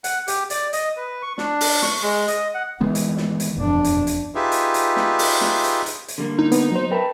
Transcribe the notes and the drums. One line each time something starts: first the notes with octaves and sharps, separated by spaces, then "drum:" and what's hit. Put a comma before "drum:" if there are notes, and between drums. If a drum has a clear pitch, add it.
F#5, drum: hi-hat
G4, drum: hi-hat
D5, drum: hi-hat
D#5, drum: hi-hat
B4
C#6
D4, drum: snare
drum: open hi-hat
C#6, drum: snare
G#3
D#5, drum: hi-hat
F#5
D#3 E3 G#3 B3
drum: hi-hat
drum: snare
drum: hi-hat
E1 F2 D4
drum: hi-hat
drum: hi-hat
D#4 F4 G4 G#4 B4 E5
drum: hi-hat
drum: hi-hat
drum: snare
drum: open hi-hat
drum: snare
drum: hi-hat
drum: hi-hat
drum: hi-hat
D3 G3 A#3
D#4
B3, drum: hi-hat
F#3 C5
A#4 B4 E5 G5 A5 B5